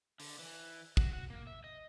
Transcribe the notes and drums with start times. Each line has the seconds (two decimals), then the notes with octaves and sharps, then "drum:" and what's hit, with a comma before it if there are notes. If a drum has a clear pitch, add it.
0.20 D3, drum: open hi-hat
0.39 E3
0.97 F#4, drum: kick
1.13 F#4
1.30 A#3
1.47 E5
1.64 D#5